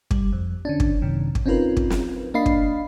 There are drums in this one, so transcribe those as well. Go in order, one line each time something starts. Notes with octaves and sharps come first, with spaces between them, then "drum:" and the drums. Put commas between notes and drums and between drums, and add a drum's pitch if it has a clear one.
G3, drum: kick
F2
D3 C#4 D4
drum: kick
F#2 C3 D#3
drum: kick
C4 C#4 D#4 F4 A#4 B4
drum: kick
drum: snare
A#3 D4 D#5 F5 B5 C7
drum: kick